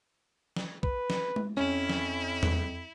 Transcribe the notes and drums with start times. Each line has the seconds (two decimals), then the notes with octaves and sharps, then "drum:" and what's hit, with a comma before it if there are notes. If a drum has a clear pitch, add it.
0.56 drum: snare
0.83 B4, drum: kick
1.10 drum: snare
1.36 drum: tom G#3
1.57 F2 C#4 E4
1.90 drum: snare
2.43 drum: tom E2